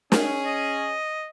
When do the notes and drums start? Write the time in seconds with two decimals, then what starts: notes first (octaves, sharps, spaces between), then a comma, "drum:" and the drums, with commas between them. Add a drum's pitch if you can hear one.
0.12 C#4 G#4, drum: snare
0.45 D#5